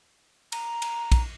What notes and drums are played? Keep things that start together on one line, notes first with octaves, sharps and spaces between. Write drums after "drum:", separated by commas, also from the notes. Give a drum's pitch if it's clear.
A#5, drum: cymbal
drum: cymbal
drum: kick, cymbal